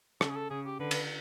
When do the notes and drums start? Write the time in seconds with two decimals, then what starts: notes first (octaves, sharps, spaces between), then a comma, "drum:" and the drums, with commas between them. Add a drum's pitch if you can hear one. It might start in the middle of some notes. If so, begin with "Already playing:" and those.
0.21 C#3 A4, drum: rim click
0.30 G#4
0.36 A4
0.50 C#3 G#4
0.66 G4
0.80 D3 B4
0.91 drum: cymbal